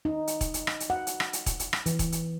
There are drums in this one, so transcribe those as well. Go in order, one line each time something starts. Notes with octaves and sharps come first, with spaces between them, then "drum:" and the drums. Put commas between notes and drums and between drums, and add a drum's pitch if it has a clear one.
D#4
drum: hi-hat
drum: kick E1, hi-hat
drum: hi-hat
drum: rim click
drum: hi-hat
F#5
drum: hi-hat
drum: rim click
drum: hi-hat
drum: kick E1, hi-hat
drum: hi-hat
drum: rim click
E3, drum: hi-hat
drum: kick E1, hi-hat
drum: hi-hat